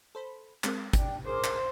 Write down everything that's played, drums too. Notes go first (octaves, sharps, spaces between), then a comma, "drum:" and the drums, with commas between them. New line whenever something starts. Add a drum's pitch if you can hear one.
A4 C5 B5
G#3 C4 A#4, drum: clap
D4 G4 G5, drum: kick, hi-hat
G#4 A#4 C5 D6
drum: clap